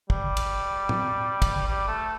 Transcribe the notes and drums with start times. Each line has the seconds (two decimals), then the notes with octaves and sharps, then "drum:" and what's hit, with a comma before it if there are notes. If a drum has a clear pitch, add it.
0.10 G3, drum: kick
0.37 drum: cymbal
0.89 drum: tom A2
1.42 drum: kick, cymbal
1.68 G3
1.88 A3